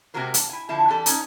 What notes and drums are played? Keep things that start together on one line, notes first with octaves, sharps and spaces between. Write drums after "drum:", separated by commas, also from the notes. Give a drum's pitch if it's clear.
C3 G#3 A#3 F#4 A#4 C5
A5, drum: hi-hat
E4 G#5
D3 F3 E4 A5
E3 G3 A4
C#4 D#4, drum: hi-hat